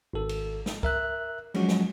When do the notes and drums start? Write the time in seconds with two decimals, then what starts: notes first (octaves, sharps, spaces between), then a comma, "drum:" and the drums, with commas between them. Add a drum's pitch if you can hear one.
0.13 G#1 A4
0.29 drum: cymbal
0.66 drum: snare
0.83 A#4 E5 F#6, drum: kick
1.54 F3 F#3 G#3 C#4 F#4, drum: cymbal
1.68 drum: snare